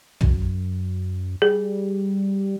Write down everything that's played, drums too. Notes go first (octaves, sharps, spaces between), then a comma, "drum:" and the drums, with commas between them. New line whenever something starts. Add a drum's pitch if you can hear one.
F#2, drum: tom
G3 G#4